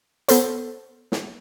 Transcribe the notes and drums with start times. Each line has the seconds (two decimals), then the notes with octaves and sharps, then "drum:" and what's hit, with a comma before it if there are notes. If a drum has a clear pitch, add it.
0.28 B3 A4 C5, drum: hi-hat
1.12 drum: snare